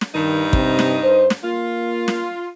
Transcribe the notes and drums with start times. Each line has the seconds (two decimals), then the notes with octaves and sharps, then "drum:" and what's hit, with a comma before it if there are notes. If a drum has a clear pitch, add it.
0.01 drum: snare
0.15 G2 D#3 D#4
0.53 C3, drum: kick
0.79 drum: snare
1.04 C5
1.30 drum: snare
1.44 A#3 F4
2.08 drum: snare